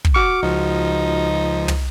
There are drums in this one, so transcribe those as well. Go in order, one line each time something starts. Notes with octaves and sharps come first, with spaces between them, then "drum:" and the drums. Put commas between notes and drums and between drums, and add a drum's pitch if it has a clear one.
drum: kick
F#4 D6 F6 C#7
C#2 F3 D#4
drum: tom